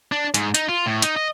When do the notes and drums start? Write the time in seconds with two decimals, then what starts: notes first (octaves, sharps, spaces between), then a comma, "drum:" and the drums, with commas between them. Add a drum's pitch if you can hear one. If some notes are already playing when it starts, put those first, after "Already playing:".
0.12 D4
0.34 G#2, drum: hi-hat
0.54 D#4, drum: hi-hat
0.69 F4
0.86 A2
1.02 D#4, drum: hi-hat
1.16 D#5